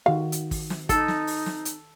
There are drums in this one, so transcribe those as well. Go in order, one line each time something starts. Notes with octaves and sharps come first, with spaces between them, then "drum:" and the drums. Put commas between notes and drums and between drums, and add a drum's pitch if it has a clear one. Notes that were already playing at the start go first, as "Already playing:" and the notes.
D#3 F#4 F5
drum: hi-hat
drum: kick, open hi-hat
drum: snare
D#4 A4, drum: kick, hi-hat
drum: snare
drum: open hi-hat
drum: snare
drum: hi-hat